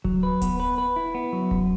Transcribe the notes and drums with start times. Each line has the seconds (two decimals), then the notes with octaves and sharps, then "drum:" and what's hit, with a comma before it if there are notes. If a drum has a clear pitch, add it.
0.04 F#3, drum: kick D1
0.23 B4
0.42 B3, drum: kick D1, hi-hat
0.60 B4
0.78 B4
0.96 E4
1.15 B3
1.33 F#3
1.51 F#2, drum: kick D1